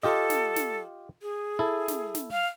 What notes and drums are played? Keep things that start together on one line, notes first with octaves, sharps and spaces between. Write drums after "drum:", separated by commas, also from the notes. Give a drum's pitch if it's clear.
F4 G4 A4 D#5
drum: snare
drum: snare
G#4
E4 A4
drum: snare
drum: snare
F5